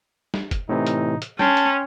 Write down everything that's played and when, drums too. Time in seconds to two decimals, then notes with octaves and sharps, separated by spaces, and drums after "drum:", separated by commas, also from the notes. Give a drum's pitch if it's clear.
0.34 drum: snare
0.51 drum: kick F#1, hi-hat
0.69 A2 C3 E3 D#4
0.87 drum: hi-hat
1.22 drum: hi-hat
1.39 C#4 G5 A5 C6, drum: snare
1.57 drum: hi-hat